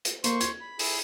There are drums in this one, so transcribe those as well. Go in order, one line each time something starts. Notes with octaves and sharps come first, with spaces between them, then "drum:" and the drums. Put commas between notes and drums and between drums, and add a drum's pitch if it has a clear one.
drum: hi-hat
A#3 C5 C6 C#6, drum: hi-hat
G#6, drum: hi-hat
B5
E4 G#4, drum: open hi-hat